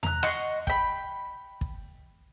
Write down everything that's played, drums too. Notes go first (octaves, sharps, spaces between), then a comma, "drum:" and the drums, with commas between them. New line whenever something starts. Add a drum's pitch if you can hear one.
A#5 F#6, drum: tom E2
D#5 F#5 C6 C#6, drum: rim click
G5 B5, drum: kick
drum: kick